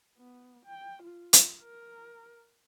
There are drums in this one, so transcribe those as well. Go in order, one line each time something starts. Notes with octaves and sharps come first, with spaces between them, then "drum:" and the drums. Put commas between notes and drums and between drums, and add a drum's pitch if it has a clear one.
B3
G5
F4
drum: hi-hat
A#4